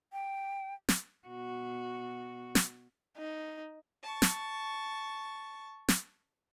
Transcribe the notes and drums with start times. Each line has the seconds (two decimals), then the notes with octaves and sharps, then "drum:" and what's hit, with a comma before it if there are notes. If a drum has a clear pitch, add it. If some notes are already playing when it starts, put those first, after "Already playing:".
0.13 G5
0.89 drum: snare
1.27 B2 F#4
2.55 drum: snare
3.18 D#4
4.03 A5 C#6
4.22 drum: snare
5.88 drum: snare